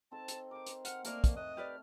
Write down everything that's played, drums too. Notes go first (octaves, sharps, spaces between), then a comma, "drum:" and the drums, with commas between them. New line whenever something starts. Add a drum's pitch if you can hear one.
C4 D#4 A4 A5
drum: hi-hat
A#4 C5 D6
drum: hi-hat
F#5 F6, drum: hi-hat
A3 A#3 A#4 D5 F6, drum: hi-hat
drum: kick, hi-hat
D#5 A5 F#6
G4 B4 D5 F6